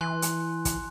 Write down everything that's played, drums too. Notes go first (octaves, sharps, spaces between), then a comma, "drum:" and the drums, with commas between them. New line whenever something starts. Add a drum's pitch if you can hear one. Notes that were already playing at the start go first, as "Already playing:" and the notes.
E3 G#5 C6 F#6
drum: hi-hat
drum: kick, hi-hat